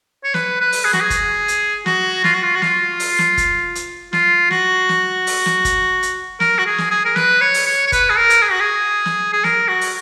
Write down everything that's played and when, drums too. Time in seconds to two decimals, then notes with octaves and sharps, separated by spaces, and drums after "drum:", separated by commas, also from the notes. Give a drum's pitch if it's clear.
0.24 C#5
0.34 B4, drum: snare
0.60 B4
0.72 drum: open hi-hat
0.84 G#4
0.93 F#4, drum: snare
1.01 G#4
1.10 drum: kick, hi-hat
1.48 drum: hi-hat
1.86 F#4, drum: snare
2.24 F4, drum: snare
2.34 F#4
2.43 F4
2.55 F#4
2.62 F4, drum: snare
3.00 drum: open hi-hat
3.19 drum: snare
3.38 drum: kick, hi-hat
3.75 drum: hi-hat
4.13 F4, drum: snare
4.51 F#4, drum: snare
4.89 drum: snare
5.27 drum: open hi-hat
5.46 drum: snare
5.65 drum: kick, hi-hat
6.03 drum: hi-hat
6.40 A#4, drum: snare
6.59 F#4
6.66 G#4
6.78 drum: snare
6.91 G#4
7.05 A#4
7.16 B4, drum: snare
7.41 C#5
7.54 drum: open hi-hat
7.66 C#5
7.86 C#5
7.92 B4, drum: kick, hi-hat
8.10 G#4
8.17 A#4
8.30 drum: hi-hat
8.42 G#4
8.51 F#4
8.61 G#4
9.06 drum: snare
9.33 G#4
9.44 A#4, drum: snare
9.68 F#4
9.81 drum: open hi-hat